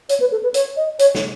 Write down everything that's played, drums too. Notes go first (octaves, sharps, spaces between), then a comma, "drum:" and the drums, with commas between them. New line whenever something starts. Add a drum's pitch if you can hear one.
C#5, drum: hi-hat
B4
A4
B4
C#5, drum: hi-hat
D#5
C#5, drum: hi-hat
drum: snare